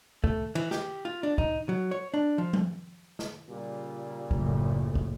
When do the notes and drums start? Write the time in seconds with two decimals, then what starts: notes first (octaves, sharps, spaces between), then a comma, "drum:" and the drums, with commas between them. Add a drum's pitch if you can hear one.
0.24 A3, drum: kick
0.55 E3, drum: cymbal
0.71 G4, drum: snare
1.05 F4
1.23 D4
1.38 D#4, drum: kick
1.69 F#3
1.91 C#5
2.14 D4
2.38 F3
2.53 drum: tom F3
3.19 drum: snare
3.49 A#2 C#3 G3
4.31 F#1 A2, drum: kick
4.95 drum: kick